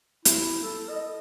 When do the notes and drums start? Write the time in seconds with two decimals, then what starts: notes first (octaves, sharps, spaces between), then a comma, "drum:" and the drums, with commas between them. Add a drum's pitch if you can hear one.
0.25 E4, drum: hi-hat
0.63 A4
0.89 D#5